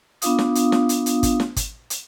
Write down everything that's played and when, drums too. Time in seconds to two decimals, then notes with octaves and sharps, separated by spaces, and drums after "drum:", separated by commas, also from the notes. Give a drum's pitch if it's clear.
0.22 B3 D4 F4 F5 D#6, drum: hi-hat
0.39 drum: snare
0.55 drum: hi-hat
0.72 drum: snare
0.89 drum: hi-hat
1.06 drum: hi-hat
1.23 drum: kick, hi-hat
1.40 drum: snare
1.56 drum: kick, hi-hat
1.90 drum: hi-hat